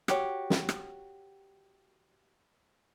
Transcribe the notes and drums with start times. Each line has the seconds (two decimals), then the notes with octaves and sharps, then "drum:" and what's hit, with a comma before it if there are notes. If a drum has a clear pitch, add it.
0.08 F#4 G4 C#5, drum: rim click
0.50 drum: snare
0.69 drum: rim click